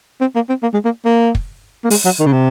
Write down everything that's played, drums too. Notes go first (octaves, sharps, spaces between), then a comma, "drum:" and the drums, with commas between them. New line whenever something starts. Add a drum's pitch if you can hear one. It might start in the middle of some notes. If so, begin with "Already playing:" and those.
C4
A#3
C4
A#3
G#3
A#3
A#3
drum: kick
A#3
G#3, drum: open hi-hat
F#3
D#3
C#3
C3